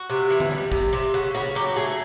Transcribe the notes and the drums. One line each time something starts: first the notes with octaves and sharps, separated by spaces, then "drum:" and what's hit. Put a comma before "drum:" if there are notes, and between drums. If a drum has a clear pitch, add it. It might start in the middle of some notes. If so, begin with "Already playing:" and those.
Already playing: F#4
C3
E3
drum: tom D3
G3
C3, drum: kick
C3
C#3 F#4
C#3 F#4
F#3 G4
A3 G#4